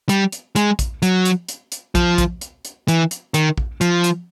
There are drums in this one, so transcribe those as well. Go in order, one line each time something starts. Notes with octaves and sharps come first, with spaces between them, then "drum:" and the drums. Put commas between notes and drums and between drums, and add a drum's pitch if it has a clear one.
G3, drum: hi-hat
drum: hi-hat
G#3, drum: hi-hat
drum: kick A#1, hi-hat
F#3, drum: hi-hat
drum: hi-hat
drum: hi-hat
drum: hi-hat
F3, drum: kick A#1, hi-hat
drum: kick A#1, hi-hat
drum: hi-hat
drum: hi-hat
E3, drum: hi-hat
drum: hi-hat
D#3, drum: hi-hat
drum: kick A#1
F3, drum: hi-hat
drum: hi-hat